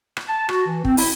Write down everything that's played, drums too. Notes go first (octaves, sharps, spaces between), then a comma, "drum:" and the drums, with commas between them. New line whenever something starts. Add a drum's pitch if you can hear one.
drum: rim click
A5
F#4, drum: rim click
E3
C4, drum: kick
E4, drum: open hi-hat